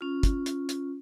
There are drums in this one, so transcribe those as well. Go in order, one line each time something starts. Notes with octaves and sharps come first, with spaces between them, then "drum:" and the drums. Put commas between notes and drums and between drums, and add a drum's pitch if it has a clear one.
C#4 F4
drum: kick, hi-hat
drum: hi-hat
drum: hi-hat